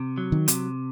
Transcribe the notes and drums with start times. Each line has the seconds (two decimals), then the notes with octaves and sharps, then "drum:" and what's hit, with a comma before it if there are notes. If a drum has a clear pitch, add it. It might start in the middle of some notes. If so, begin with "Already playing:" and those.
Already playing: C3
0.18 F#3
0.32 D#3
0.48 C3, drum: hi-hat